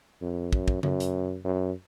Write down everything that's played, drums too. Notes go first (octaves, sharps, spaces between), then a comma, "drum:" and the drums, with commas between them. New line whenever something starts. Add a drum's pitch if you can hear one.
F2
F#2, drum: kick
drum: kick
F#2, drum: tom C#3
drum: hi-hat
F#2